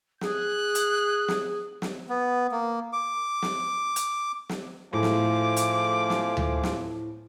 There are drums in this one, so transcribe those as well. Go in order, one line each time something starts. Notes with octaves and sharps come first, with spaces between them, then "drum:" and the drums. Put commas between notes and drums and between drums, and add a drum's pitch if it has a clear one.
G#4 F#6, drum: snare
drum: hi-hat
drum: snare
drum: snare
B3
A#3
D6
drum: snare
drum: hi-hat
drum: snare
A2 F3 A3 G#4 D6
drum: snare
drum: hi-hat
drum: snare
drum: tom D2
drum: snare